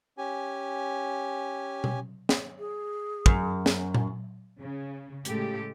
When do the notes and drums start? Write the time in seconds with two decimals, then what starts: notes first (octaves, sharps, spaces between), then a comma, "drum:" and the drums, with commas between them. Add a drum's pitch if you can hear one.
0.18 C#4 G4 G#5
1.84 drum: tom B2
2.29 drum: snare
2.59 G#4
3.26 F#2, drum: kick
3.66 drum: snare
3.95 drum: tom A#2
4.60 C#3
5.25 A2 C#3 G#3 G4 A4, drum: hi-hat